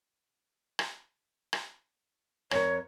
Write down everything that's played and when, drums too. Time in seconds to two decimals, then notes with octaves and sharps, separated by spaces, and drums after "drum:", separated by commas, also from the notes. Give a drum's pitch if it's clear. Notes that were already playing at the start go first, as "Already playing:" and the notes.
0.79 drum: rim click
1.53 drum: rim click
2.51 F2 A#4 C#5, drum: rim click